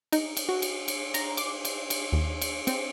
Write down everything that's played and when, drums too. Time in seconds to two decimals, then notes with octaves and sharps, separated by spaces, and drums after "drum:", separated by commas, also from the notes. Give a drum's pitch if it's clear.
0.12 D#4, drum: cymbal
0.37 drum: cymbal
0.49 F#4
0.62 drum: cymbal
0.88 drum: cymbal
1.14 A#5, drum: cymbal
1.37 D6, drum: cymbal
1.65 drum: cymbal
1.90 drum: cymbal
2.12 D#2
2.41 drum: cymbal
2.67 C4, drum: cymbal